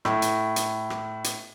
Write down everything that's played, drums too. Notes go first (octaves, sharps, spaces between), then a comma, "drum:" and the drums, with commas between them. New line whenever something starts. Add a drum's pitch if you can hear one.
A2, drum: rim click
drum: hi-hat
drum: hi-hat
drum: rim click
drum: hi-hat